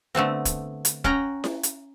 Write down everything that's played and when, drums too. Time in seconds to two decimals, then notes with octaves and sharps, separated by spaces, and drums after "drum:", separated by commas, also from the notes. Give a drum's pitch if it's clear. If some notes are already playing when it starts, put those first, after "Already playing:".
0.15 D3 A3 B3 C4
0.45 drum: kick, hi-hat
0.85 drum: hi-hat
1.04 C#4 F#5 G5 A#5, drum: kick
1.44 drum: snare E4
1.63 drum: hi-hat